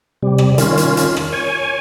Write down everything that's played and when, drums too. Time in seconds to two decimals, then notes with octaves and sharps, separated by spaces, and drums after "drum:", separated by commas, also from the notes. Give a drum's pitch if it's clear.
0.23 C3 G3
0.38 drum: rim click
0.58 D#3 C#4 F4, drum: hi-hat
0.77 drum: hi-hat
0.97 drum: hi-hat
1.17 drum: rim click
1.33 C#5 G#5